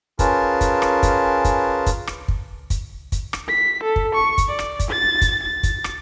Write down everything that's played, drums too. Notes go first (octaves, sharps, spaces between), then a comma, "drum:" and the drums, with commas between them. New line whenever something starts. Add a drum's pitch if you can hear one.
C#4 F4 G#4 A#4 B4 A5, drum: kick, hi-hat
drum: kick, hi-hat
drum: rim click
drum: kick, hi-hat
drum: kick, hi-hat
drum: kick, hi-hat
drum: rim click
drum: kick
drum: kick, hi-hat
drum: kick, hi-hat
drum: rim click
B6
A4
drum: kick
C#6
drum: kick, hi-hat
D5
drum: rim click
drum: kick, hi-hat
A6
drum: kick, hi-hat
A6
drum: kick, hi-hat
drum: rim click